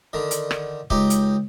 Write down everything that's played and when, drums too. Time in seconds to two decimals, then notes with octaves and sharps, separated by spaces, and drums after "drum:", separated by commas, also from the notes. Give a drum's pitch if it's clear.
0.13 D3 D#3
0.31 drum: hi-hat
0.51 drum: rim click
0.90 C#2 D#4 G4, drum: kick C#1
1.10 drum: hi-hat